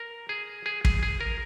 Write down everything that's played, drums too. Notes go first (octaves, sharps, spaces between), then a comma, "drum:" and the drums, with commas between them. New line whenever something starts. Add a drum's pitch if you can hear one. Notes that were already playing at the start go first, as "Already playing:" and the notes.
Already playing: A#4
G#4
G#4
G#4, drum: kick
G#4
A#4